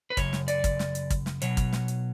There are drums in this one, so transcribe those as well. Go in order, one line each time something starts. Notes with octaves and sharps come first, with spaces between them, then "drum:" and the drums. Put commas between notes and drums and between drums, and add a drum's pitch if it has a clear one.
B4
F#2 C#3 C#5, drum: kick, hi-hat
drum: snare
D5, drum: hi-hat
drum: kick, hi-hat
drum: snare
drum: hi-hat
drum: kick, hi-hat
drum: snare
B2 F#3 C#5, drum: hi-hat
drum: kick, hi-hat
drum: snare
drum: hi-hat